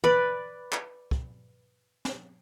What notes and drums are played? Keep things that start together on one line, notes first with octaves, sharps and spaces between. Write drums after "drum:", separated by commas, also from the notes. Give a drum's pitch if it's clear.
B4 D5, drum: tom
drum: clap
drum: kick
drum: snare